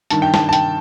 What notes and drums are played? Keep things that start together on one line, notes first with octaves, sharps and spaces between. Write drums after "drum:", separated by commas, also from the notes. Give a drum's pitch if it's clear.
G2 D#3 A5, drum: hi-hat
G5
A5, drum: snare
A5
G5, drum: hi-hat